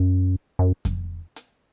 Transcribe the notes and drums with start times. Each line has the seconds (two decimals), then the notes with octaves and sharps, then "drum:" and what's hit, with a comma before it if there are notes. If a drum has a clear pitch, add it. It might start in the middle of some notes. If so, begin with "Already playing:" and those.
Already playing: F#2
0.59 F#2
0.85 drum: kick F2, hi-hat
1.36 drum: hi-hat